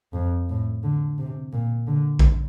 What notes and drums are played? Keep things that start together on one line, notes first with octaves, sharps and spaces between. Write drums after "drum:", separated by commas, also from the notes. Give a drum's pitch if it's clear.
F2
A2
D3
C3
A#2
D3
drum: kick A#1